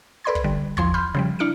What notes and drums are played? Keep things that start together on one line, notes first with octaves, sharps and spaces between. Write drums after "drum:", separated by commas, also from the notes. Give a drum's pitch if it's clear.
A4 B4 D5 B5 C6 G#6
drum: kick
D3 G3
E2 F3 C6 G#6, drum: kick
B5 C6 F6 G6
C#3 F3 G3
D4 E4 F6 C#7 D7